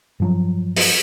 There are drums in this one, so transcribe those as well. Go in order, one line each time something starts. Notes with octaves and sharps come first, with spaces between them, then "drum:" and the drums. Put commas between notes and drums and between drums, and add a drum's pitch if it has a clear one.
G2 F3 F#3
drum: open hi-hat